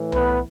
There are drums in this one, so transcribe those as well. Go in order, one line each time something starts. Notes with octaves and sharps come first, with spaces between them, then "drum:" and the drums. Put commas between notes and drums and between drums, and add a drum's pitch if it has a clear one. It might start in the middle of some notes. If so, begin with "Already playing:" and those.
Already playing: A2 E3
B3 B4, drum: tom C2